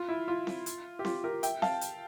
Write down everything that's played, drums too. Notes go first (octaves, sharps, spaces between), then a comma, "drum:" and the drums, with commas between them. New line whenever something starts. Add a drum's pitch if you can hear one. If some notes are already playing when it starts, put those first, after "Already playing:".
Already playing: F4
E4
F4
drum: snare C4
drum: hi-hat
G4
F4, drum: snare C4
G4 A#4
E5 G5, drum: hi-hat
F5 A5, drum: snare C4
drum: hi-hat